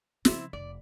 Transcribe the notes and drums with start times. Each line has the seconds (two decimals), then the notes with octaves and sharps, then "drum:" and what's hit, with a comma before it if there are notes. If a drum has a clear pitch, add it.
0.25 C#3 F3 C4 E4, drum: snare
0.53 F1 D5